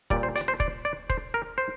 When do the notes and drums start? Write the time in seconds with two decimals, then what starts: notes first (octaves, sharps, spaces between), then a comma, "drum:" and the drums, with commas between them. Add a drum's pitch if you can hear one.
0.10 A#2 G3 D5, drum: kick E1
0.23 C5
0.36 D5, drum: hi-hat
0.48 C5
0.60 D5, drum: kick E1
0.85 D5
1.10 C5, drum: kick E1
1.34 A#4
1.58 C5